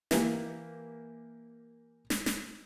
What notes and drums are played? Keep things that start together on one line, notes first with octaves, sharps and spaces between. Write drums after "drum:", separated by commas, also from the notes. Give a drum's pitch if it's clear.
E3 A#3 G4, drum: snare
drum: snare
drum: snare